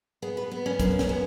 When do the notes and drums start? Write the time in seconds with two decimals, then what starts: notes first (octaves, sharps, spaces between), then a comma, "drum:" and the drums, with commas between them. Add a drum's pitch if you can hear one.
0.22 B3 G#4
0.37 B4
0.52 B3
0.66 C#4
0.79 F#2 C#4, drum: kick, hi-hat
0.99 C#4, drum: snare
1.09 B3